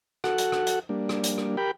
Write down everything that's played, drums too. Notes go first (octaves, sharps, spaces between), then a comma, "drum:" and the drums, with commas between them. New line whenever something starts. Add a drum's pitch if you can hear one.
F#4 A4 F#5, drum: rim click
drum: hi-hat
drum: rim click
drum: hi-hat
G3 A#3 D4
drum: rim click
drum: hi-hat
drum: rim click
G4 A#4 G5 B5